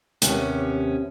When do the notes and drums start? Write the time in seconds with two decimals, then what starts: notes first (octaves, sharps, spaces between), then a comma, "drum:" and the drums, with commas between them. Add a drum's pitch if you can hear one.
0.22 D#2 C3 B3 C#4, drum: hi-hat